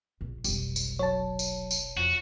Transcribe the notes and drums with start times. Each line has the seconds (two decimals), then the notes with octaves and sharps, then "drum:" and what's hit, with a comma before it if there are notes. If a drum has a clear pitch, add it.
0.21 A#1
0.44 F1 B1 G3, drum: tambourine
0.76 drum: tambourine
0.99 F#3 C#5 A5
1.39 drum: tambourine
1.71 drum: tambourine
1.97 F2 F#4